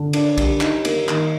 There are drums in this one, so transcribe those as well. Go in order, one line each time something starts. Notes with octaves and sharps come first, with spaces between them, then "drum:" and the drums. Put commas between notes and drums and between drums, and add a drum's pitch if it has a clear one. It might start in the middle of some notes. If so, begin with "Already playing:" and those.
Already playing: D3
D4, drum: cymbal
G3, drum: kick, cymbal
D#4, drum: clap
A#3, drum: cymbal
D#3, drum: clap